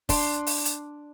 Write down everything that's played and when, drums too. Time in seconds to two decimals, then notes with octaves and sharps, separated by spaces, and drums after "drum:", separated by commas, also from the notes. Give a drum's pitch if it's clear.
0.09 D4 C6 D6, drum: kick, open hi-hat
0.47 drum: open hi-hat
0.65 drum: hi-hat